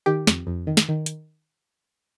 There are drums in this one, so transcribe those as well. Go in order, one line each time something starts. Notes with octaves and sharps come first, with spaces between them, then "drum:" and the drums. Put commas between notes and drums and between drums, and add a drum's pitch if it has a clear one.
D#3 G4
F2, drum: snare
F2
D#3
drum: snare
D#3
drum: hi-hat